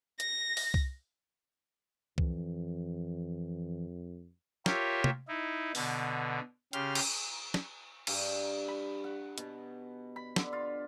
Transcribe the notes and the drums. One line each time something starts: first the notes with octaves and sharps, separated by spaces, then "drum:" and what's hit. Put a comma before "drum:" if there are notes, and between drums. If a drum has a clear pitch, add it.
A#6, drum: hi-hat
drum: open hi-hat
drum: kick C2
F2 E3, drum: kick C2
F4 G4 A#4 C#5 E5, drum: snare
drum: tom
D#4 E4
B2 D3, drum: open hi-hat
C#3 G4 C6 F6, drum: hi-hat
drum: cymbal
drum: snare
G2, drum: cymbal
B5
F#5
B2, drum: hi-hat
B5
D3, drum: snare
F4